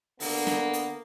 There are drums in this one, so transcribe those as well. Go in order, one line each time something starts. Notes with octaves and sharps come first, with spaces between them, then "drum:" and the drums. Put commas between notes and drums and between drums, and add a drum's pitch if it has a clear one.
D3 A#3 B3, drum: open hi-hat
drum: snare
drum: hi-hat